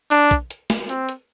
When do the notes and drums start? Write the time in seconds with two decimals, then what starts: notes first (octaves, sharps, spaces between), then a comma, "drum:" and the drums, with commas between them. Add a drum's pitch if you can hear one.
0.11 D4, drum: hi-hat
0.31 drum: kick, hi-hat
0.50 drum: hi-hat
0.70 drum: snare
0.89 C4, drum: hi-hat
1.09 drum: hi-hat